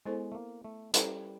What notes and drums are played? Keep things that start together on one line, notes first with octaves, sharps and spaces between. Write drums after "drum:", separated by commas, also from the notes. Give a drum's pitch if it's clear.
G#3 B3 E4 A4 C5
A3
A#3
A3
G3 C#4 E4 A4 C5, drum: hi-hat